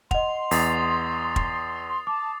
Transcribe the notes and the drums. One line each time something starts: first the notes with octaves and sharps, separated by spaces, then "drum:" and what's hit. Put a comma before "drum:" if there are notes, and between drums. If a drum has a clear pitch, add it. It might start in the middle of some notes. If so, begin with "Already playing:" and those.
D#5 F#5 C6 F7, drum: kick
E2 D#6 A6 C7, drum: open hi-hat
drum: kick
A5 D6